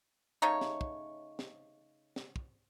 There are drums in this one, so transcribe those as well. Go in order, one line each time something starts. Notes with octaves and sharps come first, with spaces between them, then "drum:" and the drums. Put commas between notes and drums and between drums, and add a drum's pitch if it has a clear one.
C#3 A3 D#4 C#5
drum: snare
drum: kick
drum: snare
drum: snare
drum: kick